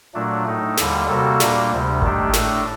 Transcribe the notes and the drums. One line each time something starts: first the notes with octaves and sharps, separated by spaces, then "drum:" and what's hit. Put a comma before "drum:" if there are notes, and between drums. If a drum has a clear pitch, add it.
A#2 F#3 A3 D4
A2 A3 D#4
D#2 D3 G3, drum: snare
C3 G3 A#3 F#4 A4
A#2 G3 A#3 D4, drum: snare
D2 C3 G3
D#3 A3 D4 G4, drum: kick G#1
A2 A3 D4, drum: snare